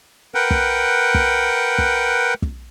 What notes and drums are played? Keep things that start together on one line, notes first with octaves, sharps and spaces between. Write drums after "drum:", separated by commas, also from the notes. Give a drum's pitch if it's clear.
A#4 B4 F#5 G5
drum: kick
drum: kick
drum: kick
drum: kick